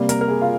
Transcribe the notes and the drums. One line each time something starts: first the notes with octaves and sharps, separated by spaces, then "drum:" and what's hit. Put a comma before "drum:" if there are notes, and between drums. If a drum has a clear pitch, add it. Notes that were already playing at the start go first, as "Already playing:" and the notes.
Already playing: C3 G3 A#3
A#4, drum: hi-hat
A#4
G#4
F4